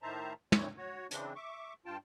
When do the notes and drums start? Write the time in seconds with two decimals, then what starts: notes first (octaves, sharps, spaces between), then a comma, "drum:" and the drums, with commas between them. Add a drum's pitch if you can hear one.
0.03 A2 D#3 C5 E5 A5 A#5
0.52 F#2 A#2 E3 C4 C#5, drum: tom
0.78 F#4 C#5
1.11 C#3 E3 C4 D4, drum: hi-hat
1.36 E5 C#6 D6
1.86 G2 F4 G5 A5